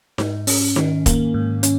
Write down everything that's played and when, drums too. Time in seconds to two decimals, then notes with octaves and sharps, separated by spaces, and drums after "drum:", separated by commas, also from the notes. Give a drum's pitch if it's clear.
0.18 G#2, drum: snare D#4
0.47 C#4, drum: open hi-hat
0.76 D#3, drum: snare D#4
1.06 A#3, drum: kick, hi-hat
1.34 G#2
1.63 C#4, drum: hi-hat